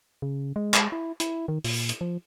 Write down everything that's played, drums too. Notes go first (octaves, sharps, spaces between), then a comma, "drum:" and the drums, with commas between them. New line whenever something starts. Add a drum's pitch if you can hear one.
C#3
G#3
drum: clap
E4
E4, drum: hi-hat
D#3
A#2, drum: open hi-hat
drum: hi-hat
F3